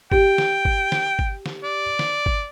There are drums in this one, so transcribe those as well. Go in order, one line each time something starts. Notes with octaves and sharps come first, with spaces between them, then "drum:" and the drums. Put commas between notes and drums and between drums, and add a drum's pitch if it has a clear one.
G4 G5, drum: kick
drum: snare
drum: kick
drum: snare
drum: kick
drum: snare
D5
drum: snare
drum: kick